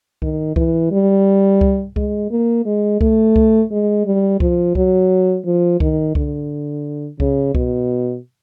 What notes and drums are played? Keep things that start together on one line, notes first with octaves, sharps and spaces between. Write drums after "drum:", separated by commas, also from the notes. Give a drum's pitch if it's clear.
D#3, drum: kick C2
E3, drum: kick C2
G3
drum: kick C2
G#3, drum: kick C2
A#3
G#3
A3, drum: kick C2
drum: kick C2
G#3
G3
F3, drum: kick C2
F#3, drum: kick C2
F3
D#3, drum: kick C2
D3, drum: kick C2
C#3, drum: kick C2
B2, drum: kick C2